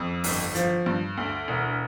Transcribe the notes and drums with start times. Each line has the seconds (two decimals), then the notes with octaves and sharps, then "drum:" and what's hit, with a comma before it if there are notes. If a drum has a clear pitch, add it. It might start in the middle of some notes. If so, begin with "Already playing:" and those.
Already playing: F2
0.24 G1, drum: open hi-hat
0.55 F3, drum: hi-hat
0.86 G2
1.17 D2
1.48 E1